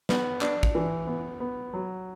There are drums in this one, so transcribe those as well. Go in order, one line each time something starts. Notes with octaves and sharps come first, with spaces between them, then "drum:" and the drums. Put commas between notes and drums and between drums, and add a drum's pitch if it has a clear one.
B3, drum: snare
D4, drum: clap
drum: kick
E3
B3
B3
F#3